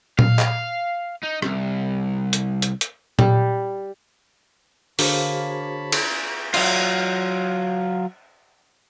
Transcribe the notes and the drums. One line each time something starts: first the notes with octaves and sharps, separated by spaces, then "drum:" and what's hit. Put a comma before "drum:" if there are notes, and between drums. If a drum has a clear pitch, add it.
F5, drum: tom A#2
drum: clap
D#4
C2, drum: rim click
drum: hi-hat
drum: hi-hat
drum: hi-hat
G3, drum: tom A#2
D3 A#3 F#4 G#4 C5 C#5 A5 B5, drum: open hi-hat
drum: cymbal
F#3 F4, drum: cymbal